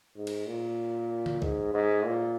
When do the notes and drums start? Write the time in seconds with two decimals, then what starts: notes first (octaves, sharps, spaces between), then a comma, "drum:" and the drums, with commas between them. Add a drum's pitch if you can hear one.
0.16 G#2
0.27 drum: cymbal
0.47 A#2
1.26 drum: tom D3
1.42 G#2, drum: kick
1.74 G#2
2.05 A#2